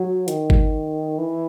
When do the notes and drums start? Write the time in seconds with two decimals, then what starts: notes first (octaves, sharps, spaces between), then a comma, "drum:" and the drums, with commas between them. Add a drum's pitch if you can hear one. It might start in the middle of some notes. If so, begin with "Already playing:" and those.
Already playing: F#3
0.28 D#3, drum: hi-hat
0.50 drum: kick G#1
1.18 E3